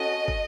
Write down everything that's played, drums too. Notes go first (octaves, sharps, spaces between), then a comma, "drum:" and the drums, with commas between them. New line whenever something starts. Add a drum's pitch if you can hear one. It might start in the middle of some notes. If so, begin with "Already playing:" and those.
Already playing: C#4 F#4 A4 D#5
drum: kick